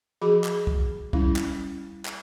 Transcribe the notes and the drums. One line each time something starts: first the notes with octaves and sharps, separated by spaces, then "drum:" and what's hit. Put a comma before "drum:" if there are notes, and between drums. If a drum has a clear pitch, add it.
F3 F#4 G#4 B5 D6
drum: clap
drum: kick
G3 C#4 E4, drum: kick
drum: clap
drum: clap